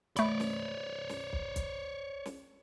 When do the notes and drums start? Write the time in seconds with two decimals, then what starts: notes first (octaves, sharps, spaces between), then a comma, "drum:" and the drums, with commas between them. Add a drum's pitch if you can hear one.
0.17 A3 C#5 D5 B5, drum: hi-hat
0.40 drum: snare
1.09 drum: snare
1.33 drum: kick
1.56 drum: kick, hi-hat
2.26 drum: snare